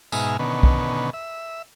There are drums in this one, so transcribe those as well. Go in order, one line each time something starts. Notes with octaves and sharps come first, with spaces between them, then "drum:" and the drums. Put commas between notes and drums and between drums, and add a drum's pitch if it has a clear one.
G#2 B2 D#4 E5 G#5 F6, drum: tambourine
B2 D3 D#3 B3 C#4
drum: kick B1
E5